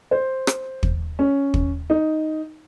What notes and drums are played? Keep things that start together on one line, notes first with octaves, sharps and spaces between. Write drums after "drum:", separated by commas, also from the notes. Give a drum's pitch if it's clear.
C5
drum: rim click
drum: kick
C#4
drum: kick
D#4